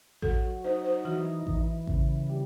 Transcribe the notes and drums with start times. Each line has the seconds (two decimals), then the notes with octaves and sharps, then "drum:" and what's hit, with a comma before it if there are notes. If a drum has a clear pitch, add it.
0.22 F#3 A4, drum: kick A1
0.64 D#4 C5
0.84 C5
1.05 E3 F#4
1.47 E3, drum: kick A1
1.87 C#3, drum: kick A1
2.30 G3